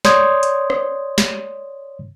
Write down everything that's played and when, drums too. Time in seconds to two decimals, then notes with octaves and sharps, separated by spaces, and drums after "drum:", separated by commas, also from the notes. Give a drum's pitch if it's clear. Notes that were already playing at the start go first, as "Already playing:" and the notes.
0.05 C#5 D5 C6 D#6 G6 G#6, drum: snare
0.43 drum: hi-hat
0.70 drum: rim click
1.18 drum: snare